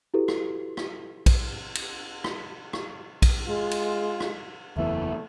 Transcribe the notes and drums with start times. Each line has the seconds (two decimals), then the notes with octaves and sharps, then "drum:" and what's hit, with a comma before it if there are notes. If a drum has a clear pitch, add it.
0.14 E4 F#4 G4 A4 B4
0.28 drum: rim click
0.77 drum: rim click
1.26 drum: kick A#1, cymbal
1.75 drum: cymbal
2.24 drum: rim click
2.73 drum: rim click
3.22 drum: kick A#1, cymbal
3.47 G#3 F4
3.71 drum: cymbal
4.20 drum: rim click
4.77 F#1 E2 E3 A3 E5